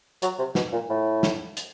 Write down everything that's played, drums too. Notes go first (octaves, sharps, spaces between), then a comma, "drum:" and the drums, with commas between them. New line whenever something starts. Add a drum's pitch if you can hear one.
F#3, drum: hi-hat
C3
B2, drum: snare
A#2
A2
drum: snare
drum: hi-hat